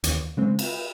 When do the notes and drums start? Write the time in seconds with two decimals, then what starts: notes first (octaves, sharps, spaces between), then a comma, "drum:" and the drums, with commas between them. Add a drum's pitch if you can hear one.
0.04 D#2, drum: hi-hat
0.37 C#3 G#3 C4
0.59 drum: cymbal